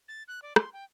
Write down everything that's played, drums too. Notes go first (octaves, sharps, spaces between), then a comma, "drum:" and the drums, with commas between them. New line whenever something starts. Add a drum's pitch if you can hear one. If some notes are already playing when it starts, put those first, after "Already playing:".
A6
F#6
D5
C6, drum: rim click
G5